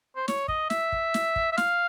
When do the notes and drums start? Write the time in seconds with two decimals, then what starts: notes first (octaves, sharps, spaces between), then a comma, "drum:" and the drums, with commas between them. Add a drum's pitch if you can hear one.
0.16 C5
0.28 C#5, drum: snare
0.48 D#5, drum: kick
0.70 E5, drum: snare
0.92 drum: kick
1.14 drum: snare
1.36 drum: kick
1.53 E5
1.58 F5, drum: snare